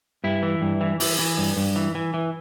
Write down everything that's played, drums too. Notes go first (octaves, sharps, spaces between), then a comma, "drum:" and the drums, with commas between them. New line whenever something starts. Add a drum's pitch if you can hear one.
G2 E4
E3
G2
E3
E3, drum: open hi-hat
E3
G2
G2
E3
E3
E3